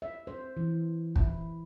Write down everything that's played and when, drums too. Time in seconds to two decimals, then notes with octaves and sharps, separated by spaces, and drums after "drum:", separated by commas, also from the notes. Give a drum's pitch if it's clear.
0.02 E5
0.27 C5
0.57 E3
1.16 E4, drum: kick